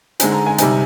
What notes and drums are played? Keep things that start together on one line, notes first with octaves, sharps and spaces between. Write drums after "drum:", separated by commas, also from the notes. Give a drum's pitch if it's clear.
D3 G#3 C4 D#4 G#5, drum: hi-hat
A#5
G#5
C3 G3 C4 D#4 G#5, drum: hi-hat